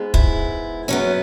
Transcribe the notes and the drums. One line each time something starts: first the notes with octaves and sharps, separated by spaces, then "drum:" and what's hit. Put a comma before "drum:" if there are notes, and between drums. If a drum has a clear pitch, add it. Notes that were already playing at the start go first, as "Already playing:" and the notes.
Already playing: G#2 G#3 B3
E4, drum: kick
F#2 F#3 B3 C#4